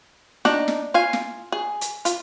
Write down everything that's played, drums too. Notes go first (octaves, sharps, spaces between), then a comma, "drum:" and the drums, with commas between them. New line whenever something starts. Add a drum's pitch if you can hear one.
D4 D#4 A#5, drum: snare
drum: snare
F4 F5 G#5
drum: snare
G#4
drum: hi-hat
F4, drum: hi-hat